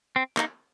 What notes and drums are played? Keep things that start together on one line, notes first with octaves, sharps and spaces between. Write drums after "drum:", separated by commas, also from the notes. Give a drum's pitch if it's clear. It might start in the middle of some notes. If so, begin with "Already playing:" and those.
C4
A#3 D#4, drum: clap